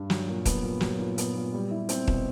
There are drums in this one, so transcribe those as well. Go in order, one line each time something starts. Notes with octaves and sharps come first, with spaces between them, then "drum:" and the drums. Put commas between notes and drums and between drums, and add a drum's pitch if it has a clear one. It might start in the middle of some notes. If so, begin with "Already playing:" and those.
Already playing: G2
F#3, drum: snare
A#2
B3, drum: kick, hi-hat
A#2
F#3, drum: snare
A#2
B3, drum: hi-hat
A#2
G3
E4
C4, drum: hi-hat
B2, drum: kick